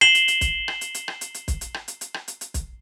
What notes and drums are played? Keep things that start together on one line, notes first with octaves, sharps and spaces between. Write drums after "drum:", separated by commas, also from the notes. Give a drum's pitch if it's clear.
C7 E7 F#7 G7, drum: rim click
drum: hi-hat
drum: hi-hat
drum: kick, hi-hat
drum: rim click
drum: hi-hat
drum: hi-hat
drum: rim click
drum: hi-hat
drum: hi-hat
drum: kick, hi-hat
drum: hi-hat
drum: rim click
drum: hi-hat
drum: hi-hat
drum: rim click
drum: hi-hat
drum: hi-hat
drum: kick, hi-hat